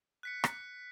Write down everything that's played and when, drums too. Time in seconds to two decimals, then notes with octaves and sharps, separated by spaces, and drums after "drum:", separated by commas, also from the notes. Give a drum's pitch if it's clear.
0.23 F#6 B6 C#7
0.44 drum: rim click